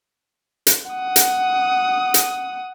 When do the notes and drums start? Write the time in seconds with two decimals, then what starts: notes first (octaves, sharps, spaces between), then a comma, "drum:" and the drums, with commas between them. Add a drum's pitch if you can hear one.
0.67 drum: hi-hat
0.91 F#5 D#6
1.16 drum: hi-hat
2.14 drum: hi-hat